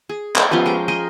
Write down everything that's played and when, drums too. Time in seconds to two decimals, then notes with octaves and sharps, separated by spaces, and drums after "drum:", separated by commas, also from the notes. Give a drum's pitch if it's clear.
0.09 G#4
0.36 A4 A#4, drum: clap
0.51 F3 B3 C#4 G4
0.66 G#3 G5 A#5
0.88 G#4 A#4 D#5 G5